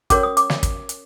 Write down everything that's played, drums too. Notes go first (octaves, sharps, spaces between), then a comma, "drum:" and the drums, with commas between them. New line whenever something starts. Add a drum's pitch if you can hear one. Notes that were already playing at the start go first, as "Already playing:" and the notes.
C#4 F#4 A#4 C#5 D6, drum: kick, hi-hat
D#6
D6, drum: hi-hat
drum: snare
drum: kick, hi-hat
drum: hi-hat